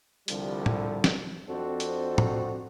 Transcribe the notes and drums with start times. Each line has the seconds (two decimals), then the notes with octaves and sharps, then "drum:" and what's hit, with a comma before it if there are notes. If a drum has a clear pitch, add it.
0.28 C2 D3 F3 G3, drum: hi-hat
0.66 drum: tom
1.04 drum: snare
1.49 F2 C4 D4 F#4 A4 C5
1.80 drum: hi-hat
2.18 drum: tom